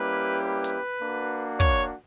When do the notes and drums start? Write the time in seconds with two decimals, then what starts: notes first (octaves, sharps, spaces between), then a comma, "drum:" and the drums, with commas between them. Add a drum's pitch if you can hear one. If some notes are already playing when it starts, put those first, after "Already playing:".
Already playing: G3 A#3 C#4 E4 G4 B4
0.45 B4
0.64 drum: hi-hat
1.02 A#3 D4 F#4
1.60 C#5, drum: kick